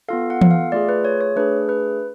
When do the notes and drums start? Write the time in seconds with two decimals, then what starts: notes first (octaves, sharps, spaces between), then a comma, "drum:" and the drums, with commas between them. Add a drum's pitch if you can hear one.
0.08 B3 F4 A4 F5
0.30 F#5
0.41 drum: tom E3
0.51 F5
0.72 A3 F4 G#4 D5
0.89 B4
1.05 C#5
1.21 C#5
1.36 A3 D4 G#4 B4
1.69 B4